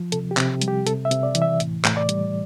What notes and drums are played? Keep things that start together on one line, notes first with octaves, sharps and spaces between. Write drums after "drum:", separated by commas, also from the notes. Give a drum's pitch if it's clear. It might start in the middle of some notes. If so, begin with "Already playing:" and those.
Already playing: F3
C3 A4, drum: hi-hat
G4
C3, drum: clap
G3, drum: hi-hat
G4
C3 A4, drum: hi-hat
E5
C3, drum: hi-hat
D5
E3, drum: hi-hat
E5
A2, drum: hi-hat
A2, drum: clap
D5
G3, drum: hi-hat